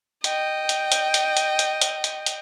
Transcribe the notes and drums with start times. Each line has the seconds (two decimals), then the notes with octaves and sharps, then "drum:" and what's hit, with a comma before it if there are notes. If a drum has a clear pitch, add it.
0.24 D#5 G5, drum: hi-hat
0.69 drum: hi-hat
0.92 drum: hi-hat
1.14 drum: hi-hat
1.37 drum: hi-hat
1.59 drum: hi-hat
1.82 drum: hi-hat
2.04 drum: hi-hat
2.26 drum: hi-hat